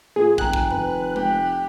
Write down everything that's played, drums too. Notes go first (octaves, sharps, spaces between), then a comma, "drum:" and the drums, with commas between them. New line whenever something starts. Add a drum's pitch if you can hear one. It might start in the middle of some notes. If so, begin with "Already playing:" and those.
A#2 G#4
F1 G5 G#5 A#5 F#6, drum: kick
drum: kick
B4, drum: tom F#2
G4, drum: tom G#3